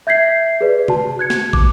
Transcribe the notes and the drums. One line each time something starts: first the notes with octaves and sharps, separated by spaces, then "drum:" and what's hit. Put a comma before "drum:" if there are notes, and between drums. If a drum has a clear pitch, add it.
E5 G6 G#6 B6 C7
G#4 B4 D5
F#4 A5, drum: tom C3
F#6 G#6 C#7
drum: snare
D6, drum: kick